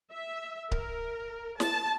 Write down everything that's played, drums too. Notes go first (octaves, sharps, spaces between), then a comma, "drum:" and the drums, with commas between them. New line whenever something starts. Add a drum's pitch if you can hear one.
E5
A#4, drum: kick C#1
A5, drum: snare